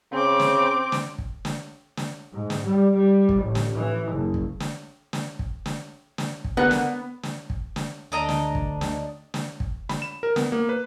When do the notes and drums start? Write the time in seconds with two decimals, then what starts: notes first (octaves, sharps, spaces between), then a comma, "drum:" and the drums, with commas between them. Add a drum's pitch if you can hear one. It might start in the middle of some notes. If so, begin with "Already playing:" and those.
0.12 C#3 C4 D6
0.40 drum: snare
0.92 drum: snare
1.18 drum: kick
1.45 drum: snare
1.97 drum: snare
2.32 G#2
2.50 drum: snare
2.66 G3
2.97 G3
3.29 drum: kick
3.42 A1
3.55 drum: snare
3.76 E3
4.14 F#1
4.34 drum: kick
4.60 drum: snare
5.13 drum: snare
5.39 drum: kick
5.66 drum: snare
6.18 drum: snare
6.44 drum: kick
6.57 D3 B3 A#4 F#5
6.71 drum: snare
7.23 drum: snare
7.50 drum: kick
7.76 drum: snare
8.12 D2 D4 D#5 A#5
8.29 drum: snare
8.55 drum: kick
8.81 drum: snare
9.34 drum: snare
9.60 drum: kick
9.89 B5, drum: snare
10.02 E7
10.23 A#4
10.36 B3, drum: snare
10.52 A#3
10.69 B4